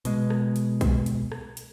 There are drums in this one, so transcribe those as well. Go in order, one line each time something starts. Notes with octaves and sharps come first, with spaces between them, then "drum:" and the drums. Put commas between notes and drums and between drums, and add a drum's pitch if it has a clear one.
B2 G#3, drum: hi-hat
drum: rim click
drum: hi-hat
drum: kick B1, hi-hat
drum: hi-hat
drum: rim click
drum: hi-hat